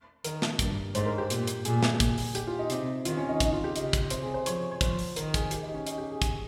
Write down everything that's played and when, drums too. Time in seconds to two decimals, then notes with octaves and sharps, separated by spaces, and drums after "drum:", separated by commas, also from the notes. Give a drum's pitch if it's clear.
0.24 D#3 A#4, drum: hi-hat
0.42 drum: snare
0.59 G2, drum: kick, hi-hat
0.95 G#2 C5, drum: hi-hat
1.06 A#4
1.18 G4
1.30 A#2, drum: hi-hat
1.47 drum: hi-hat
1.65 A#2 G#4, drum: hi-hat
1.83 drum: snare
2.00 drum: kick, hi-hat
2.18 drum: open hi-hat
2.35 G4, drum: hi-hat
2.47 F4
2.59 D#4
2.70 C3, drum: hi-hat
3.05 D#3 F4, drum: hi-hat
3.17 C#4
3.29 D#4
3.40 D#4, drum: kick, hi-hat
3.52 F4
3.64 G4
3.76 C#3 D#5, drum: hi-hat
3.93 drum: kick, hi-hat
4.10 C3 C5, drum: hi-hat
4.23 G#4
4.34 C5
4.46 F3 C#5, drum: hi-hat
4.71 C#5
4.81 F3 C5, drum: kick, hi-hat
4.99 drum: open hi-hat
5.16 D#3 A#4, drum: hi-hat
5.34 G#4, drum: kick, hi-hat
5.51 G4, drum: hi-hat
5.63 D#4
5.74 C#4
5.87 D#4, drum: hi-hat
5.98 G4
6.10 G#4
6.22 drum: kick, hi-hat